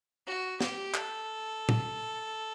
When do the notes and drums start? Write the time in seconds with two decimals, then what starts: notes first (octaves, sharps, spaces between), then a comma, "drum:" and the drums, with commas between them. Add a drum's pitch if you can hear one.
0.27 F#4
0.61 G4, drum: snare
0.94 A4, drum: clap
1.69 drum: tom